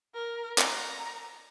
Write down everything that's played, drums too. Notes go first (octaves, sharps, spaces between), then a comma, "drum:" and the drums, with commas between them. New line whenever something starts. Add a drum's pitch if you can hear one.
A#4
A#5, drum: clap